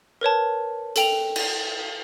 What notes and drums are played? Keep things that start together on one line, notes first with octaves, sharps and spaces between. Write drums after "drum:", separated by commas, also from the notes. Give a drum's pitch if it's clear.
A#4 B4 C#5 A5
A4 G5 F7, drum: hi-hat
drum: cymbal